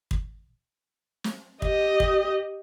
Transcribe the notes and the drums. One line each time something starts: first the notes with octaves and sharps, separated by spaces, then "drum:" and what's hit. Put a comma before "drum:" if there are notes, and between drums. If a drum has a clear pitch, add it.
drum: kick
drum: snare
G4 D#5, drum: kick
drum: kick